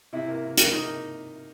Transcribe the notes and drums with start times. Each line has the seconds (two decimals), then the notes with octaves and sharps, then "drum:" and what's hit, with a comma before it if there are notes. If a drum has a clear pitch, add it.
0.13 C3 E4
0.28 A#3
0.43 A#3
0.58 A#3, drum: hi-hat
0.72 A#3 D#4